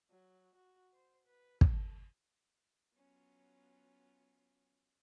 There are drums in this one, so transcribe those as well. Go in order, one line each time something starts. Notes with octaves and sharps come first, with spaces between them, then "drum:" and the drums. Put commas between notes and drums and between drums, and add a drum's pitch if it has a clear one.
F#3
F#4
C5
B4
A4, drum: kick
F#3 B3 C#4 F4